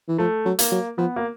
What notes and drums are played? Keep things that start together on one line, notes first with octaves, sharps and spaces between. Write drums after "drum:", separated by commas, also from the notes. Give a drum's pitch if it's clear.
E3
F3 A3
F#3
A#3, drum: hi-hat
F#3
F3 B3
A#3